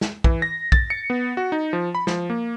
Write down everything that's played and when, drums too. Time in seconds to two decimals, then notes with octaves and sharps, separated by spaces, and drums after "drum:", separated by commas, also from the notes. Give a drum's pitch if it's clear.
0.01 drum: snare
0.24 E3, drum: kick
0.42 A#6
0.72 A6, drum: kick
0.90 C#7
1.10 B3
1.37 F#4
1.52 D#4
1.73 F3
1.95 B5
2.07 F3, drum: snare
2.30 A#3